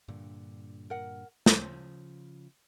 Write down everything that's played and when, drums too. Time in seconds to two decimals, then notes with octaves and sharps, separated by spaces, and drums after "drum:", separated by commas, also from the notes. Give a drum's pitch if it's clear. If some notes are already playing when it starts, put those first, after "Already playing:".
0.08 G2 A#2 D3
0.90 A#4 F#5
1.46 C#3 F3 C5, drum: snare